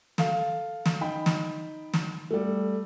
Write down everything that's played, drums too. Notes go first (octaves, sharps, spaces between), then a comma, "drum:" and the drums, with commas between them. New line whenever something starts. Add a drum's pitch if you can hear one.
A4 F5, drum: snare
drum: snare
D#4 G5 B5
drum: snare
drum: snare
G3 A3